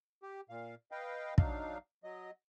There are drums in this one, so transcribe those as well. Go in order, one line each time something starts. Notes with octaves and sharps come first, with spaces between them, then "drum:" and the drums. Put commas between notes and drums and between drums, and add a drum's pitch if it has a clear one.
G4
A#2 F5
B4 D#5 F5 G5
F#3 D4 D#4 F5, drum: kick
F#3 D#5